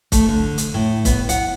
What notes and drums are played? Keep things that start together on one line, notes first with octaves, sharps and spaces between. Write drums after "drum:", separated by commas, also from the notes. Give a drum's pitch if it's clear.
A3, drum: kick, hi-hat
D3
drum: hi-hat
A2
B3, drum: kick, hi-hat
F#5, drum: hi-hat